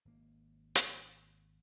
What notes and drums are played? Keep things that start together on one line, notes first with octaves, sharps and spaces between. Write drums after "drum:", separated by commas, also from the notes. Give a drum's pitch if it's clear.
G#1 A#3
drum: hi-hat